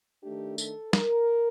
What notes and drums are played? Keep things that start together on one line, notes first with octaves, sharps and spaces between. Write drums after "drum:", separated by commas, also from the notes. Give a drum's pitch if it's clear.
D#3 A3 D4 G4
A4, drum: tambourine
A#4, drum: snare